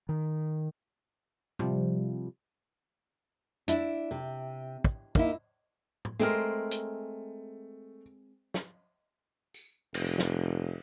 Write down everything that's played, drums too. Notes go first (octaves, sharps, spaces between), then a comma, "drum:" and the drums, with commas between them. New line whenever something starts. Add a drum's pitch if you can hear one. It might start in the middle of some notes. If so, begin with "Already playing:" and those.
D#3
C3 F3 G3, drum: tom A2
D4 E4, drum: hi-hat
C3
drum: kick
A#3 D#4 E4, drum: kick
drum: tom A2
G#3 A3 C4 A#4
drum: hi-hat
drum: snare
drum: tambourine
F1, drum: cymbal
drum: snare